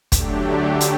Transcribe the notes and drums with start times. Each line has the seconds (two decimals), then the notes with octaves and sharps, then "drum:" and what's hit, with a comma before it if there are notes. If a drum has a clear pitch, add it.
0.12 D3 F#3 A3 D4 G4, drum: kick, hi-hat
0.81 drum: hi-hat